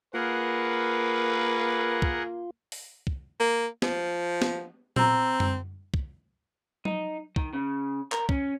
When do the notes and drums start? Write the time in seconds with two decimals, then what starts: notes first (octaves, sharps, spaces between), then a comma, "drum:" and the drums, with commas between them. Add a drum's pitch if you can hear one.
0.14 A#3 F4 G#4 A#4 B4 F#5
2.02 drum: kick
2.72 drum: open hi-hat
3.07 drum: kick
3.40 A#3
3.82 F3, drum: snare
4.42 drum: snare
4.96 C4 A#5 E6, drum: tom A#2
5.40 drum: tom F#2
5.94 drum: kick
6.85 D#4, drum: tom F#3
7.36 D#3, drum: kick
7.53 C#3
8.12 A#4, drum: clap
8.29 C#4, drum: kick